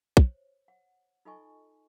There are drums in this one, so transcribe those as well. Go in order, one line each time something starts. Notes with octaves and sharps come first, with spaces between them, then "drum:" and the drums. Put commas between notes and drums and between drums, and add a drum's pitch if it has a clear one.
C5 C#5, drum: kick
F#5
D#4 F4 A4 D#5 G#5 C#6